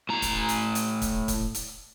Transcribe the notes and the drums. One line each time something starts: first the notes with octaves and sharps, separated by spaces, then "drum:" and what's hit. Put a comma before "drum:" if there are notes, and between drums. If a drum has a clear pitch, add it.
A2 A#5
drum: kick, hi-hat
drum: hi-hat
drum: hi-hat
drum: kick, hi-hat
drum: kick, hi-hat
drum: hi-hat